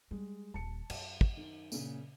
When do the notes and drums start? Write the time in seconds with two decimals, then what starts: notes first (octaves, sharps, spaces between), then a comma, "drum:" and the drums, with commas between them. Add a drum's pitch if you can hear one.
0.11 G3 G#3
0.54 D#1 A5 C#7
0.90 F#2, drum: cymbal
1.21 drum: kick
1.37 D#3
1.72 A#2 C#3, drum: tambourine